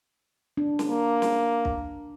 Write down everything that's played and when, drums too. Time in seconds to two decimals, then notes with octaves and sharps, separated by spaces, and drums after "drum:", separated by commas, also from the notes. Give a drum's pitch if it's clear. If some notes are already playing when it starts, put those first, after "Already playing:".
0.57 D4
0.79 drum: snare
0.88 A#3
1.22 drum: snare
1.65 drum: kick